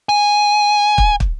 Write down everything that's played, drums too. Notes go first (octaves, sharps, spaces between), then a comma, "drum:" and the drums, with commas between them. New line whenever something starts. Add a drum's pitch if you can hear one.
G#5
drum: kick
drum: kick